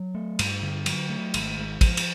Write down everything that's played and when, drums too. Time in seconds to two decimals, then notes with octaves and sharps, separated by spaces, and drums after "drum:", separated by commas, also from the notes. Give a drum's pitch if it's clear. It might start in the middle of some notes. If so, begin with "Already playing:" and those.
Already playing: F#3
0.14 A3
0.39 G2, drum: cymbal
0.62 D3
0.86 F#3, drum: cymbal
1.09 A3
1.34 G#1, drum: cymbal
1.58 G#2
1.81 F3, drum: kick, cymbal
1.97 drum: cymbal